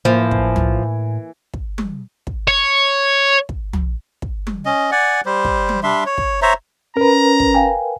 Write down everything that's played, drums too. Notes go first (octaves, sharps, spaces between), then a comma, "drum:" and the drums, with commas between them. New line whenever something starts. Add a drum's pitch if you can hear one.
A2 E3 F3 A#3
drum: kick
drum: tom
drum: kick
drum: tom
drum: kick
C#5
drum: kick
drum: tom
drum: kick
drum: tom
C#4 D#5
D5 F#5 G#5
G3 C5
drum: kick
drum: tom
G3 D4 E5 C6
C#5
drum: kick
C5 C#5 E5 A#5
C#4 A#4 B4 A#5
drum: kick
F5 G5 G#5